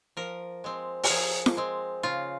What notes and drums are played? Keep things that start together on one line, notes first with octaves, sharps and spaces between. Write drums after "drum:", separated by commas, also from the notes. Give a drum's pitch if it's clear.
F3 A#4
G#3 C4
A#4, drum: open hi-hat
F3 G#4
drum: snare
G#3 C4
C#3 F4